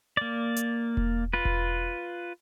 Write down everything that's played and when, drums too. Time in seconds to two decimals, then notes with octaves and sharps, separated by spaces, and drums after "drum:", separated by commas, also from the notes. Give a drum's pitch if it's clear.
0.17 A#3 D5
0.56 drum: hi-hat
0.97 drum: kick E1
1.33 F4 B4
1.45 drum: kick E1